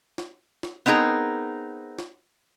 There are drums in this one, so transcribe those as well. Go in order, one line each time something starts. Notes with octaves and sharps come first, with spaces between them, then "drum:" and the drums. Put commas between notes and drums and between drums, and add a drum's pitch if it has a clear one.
drum: snare
drum: snare
B3 C4 D#4 G#4 A#4
drum: snare